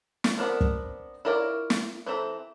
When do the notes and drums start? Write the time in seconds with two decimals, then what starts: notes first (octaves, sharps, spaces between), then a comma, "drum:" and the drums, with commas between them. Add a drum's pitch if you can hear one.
0.24 drum: snare
0.38 B3 C4 D4 A#4
0.61 drum: kick
1.25 E4 F4 A#4 C#5 D5
1.70 drum: snare
2.06 E3 C4 A4 E5 A#5